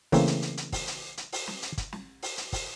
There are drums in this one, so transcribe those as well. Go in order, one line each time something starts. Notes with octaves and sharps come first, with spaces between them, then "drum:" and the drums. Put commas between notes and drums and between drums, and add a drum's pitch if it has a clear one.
C#3 E3 A3 A#3 C4, drum: kick, open hi-hat
drum: hi-hat
drum: hi-hat
drum: hi-hat
drum: kick, open hi-hat
drum: hi-hat
drum: hi-hat
drum: open hi-hat
drum: snare
drum: hi-hat
drum: kick, hi-hat
drum: snare
drum: open hi-hat
drum: hi-hat
drum: kick, open hi-hat